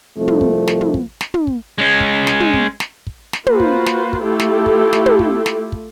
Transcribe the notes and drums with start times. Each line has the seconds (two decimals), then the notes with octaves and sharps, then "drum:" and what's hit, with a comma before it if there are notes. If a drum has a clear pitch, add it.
0.18 C2 F2 F3 A3
0.28 drum: tom
0.41 drum: kick
0.68 drum: snare
0.81 drum: tom
0.94 drum: kick
1.21 drum: snare
1.34 drum: tom
1.47 drum: kick
1.78 G#3 C#4
2.00 drum: kick
2.27 drum: snare
2.40 drum: tom
2.53 drum: kick
2.80 drum: snare
3.07 drum: kick
3.33 drum: snare
3.46 A#3 F4 F#4 B4 C5, drum: tom
3.60 drum: kick
3.86 drum: snare
4.13 drum: kick
4.25 A3 E4 F4 G4 A4
4.39 drum: snare
4.66 drum: kick
4.93 drum: snare
5.06 drum: tom
5.19 drum: kick
5.46 drum: snare
5.72 drum: kick